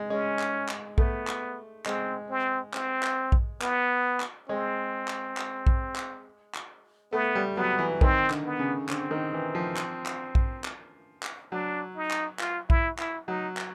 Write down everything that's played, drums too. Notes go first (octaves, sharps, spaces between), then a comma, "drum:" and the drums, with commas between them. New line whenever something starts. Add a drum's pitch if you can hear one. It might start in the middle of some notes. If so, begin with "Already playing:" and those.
Already playing: G#3
G#3 C#4
drum: clap
drum: clap
A3 B3, drum: kick A#1
drum: clap
G#3 C4, drum: clap
C4
C4, drum: clap
drum: clap
drum: kick A#1
B3, drum: clap
drum: clap
G#3 C4
drum: clap
drum: clap
drum: kick A#1
drum: clap
drum: clap
A3 B3
G3
F#3 B3
E3
D#3 C4, drum: kick A#1
D3, drum: clap
B3
C#3
D3 C4, drum: clap
D#3
E3
F3
drum: clap
drum: clap
drum: kick A#1
drum: clap
drum: clap
F#3 D4
D#4
drum: clap
F4, drum: clap
E4, drum: kick A#1
E4, drum: clap
F#3 D#4
drum: clap